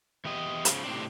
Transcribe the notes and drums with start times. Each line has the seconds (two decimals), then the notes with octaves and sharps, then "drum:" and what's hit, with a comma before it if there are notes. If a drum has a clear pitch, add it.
0.25 E2 E3 G4 D#5
0.65 C#3 F3, drum: hi-hat
0.84 A2 C3 C4 D4